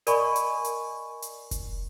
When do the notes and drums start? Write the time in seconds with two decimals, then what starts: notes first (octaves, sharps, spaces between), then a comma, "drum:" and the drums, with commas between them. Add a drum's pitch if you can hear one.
0.07 A#4 D5 D#5 G#5 B5 C#6, drum: hi-hat
0.36 drum: hi-hat
0.64 drum: hi-hat
1.22 drum: hi-hat
1.51 drum: kick F1, hi-hat